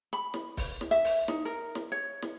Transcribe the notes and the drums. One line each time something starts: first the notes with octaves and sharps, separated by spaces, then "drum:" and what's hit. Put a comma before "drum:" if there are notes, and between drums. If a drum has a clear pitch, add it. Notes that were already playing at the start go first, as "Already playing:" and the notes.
B5
drum: snare
drum: kick, open hi-hat
drum: snare
E5
drum: open hi-hat
D#4, drum: snare
A#4
drum: snare
C#5
drum: snare